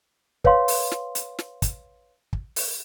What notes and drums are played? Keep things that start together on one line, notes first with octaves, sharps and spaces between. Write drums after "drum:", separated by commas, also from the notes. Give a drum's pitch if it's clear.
B4 C#5 F5 C6, drum: kick
drum: open hi-hat
drum: snare
drum: hi-hat
drum: snare
drum: kick, hi-hat
drum: kick
drum: open hi-hat